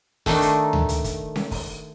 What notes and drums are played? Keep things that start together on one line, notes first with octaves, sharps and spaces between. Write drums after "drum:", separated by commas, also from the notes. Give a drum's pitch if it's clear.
D#3 A3 D4 D#4, drum: kick, open hi-hat
drum: hi-hat
drum: tom D2
drum: hi-hat
drum: kick, hi-hat
drum: snare C#4
drum: kick, open hi-hat